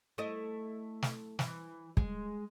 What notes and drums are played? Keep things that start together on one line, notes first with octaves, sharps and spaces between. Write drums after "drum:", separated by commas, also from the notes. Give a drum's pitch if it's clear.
A3 E4 D#5
drum: snare
E3, drum: snare
G#3, drum: kick